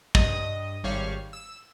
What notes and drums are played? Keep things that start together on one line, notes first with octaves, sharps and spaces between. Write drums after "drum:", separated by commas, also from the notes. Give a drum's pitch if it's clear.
G2 D#5, drum: kick
G#1 G3 C#5 F5
E6